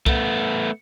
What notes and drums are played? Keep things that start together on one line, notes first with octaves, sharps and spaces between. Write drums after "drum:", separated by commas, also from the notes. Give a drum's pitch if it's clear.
A3 B3, drum: kick